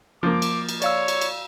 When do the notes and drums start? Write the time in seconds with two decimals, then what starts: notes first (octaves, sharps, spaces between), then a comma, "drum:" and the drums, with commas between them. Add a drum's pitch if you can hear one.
0.23 F3 A#3 D6
0.42 drum: cymbal
0.69 drum: cymbal
0.82 C#5 D5 F5 E6, drum: cymbal
1.08 drum: cymbal
1.21 drum: cymbal